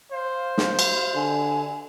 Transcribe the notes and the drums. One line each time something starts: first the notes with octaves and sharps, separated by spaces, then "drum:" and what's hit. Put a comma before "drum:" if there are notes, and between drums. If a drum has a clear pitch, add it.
C5 F5
drum: snare
drum: cymbal
D3 G#5